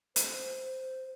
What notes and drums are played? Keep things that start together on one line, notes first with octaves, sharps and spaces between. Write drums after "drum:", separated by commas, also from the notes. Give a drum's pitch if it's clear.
C5, drum: hi-hat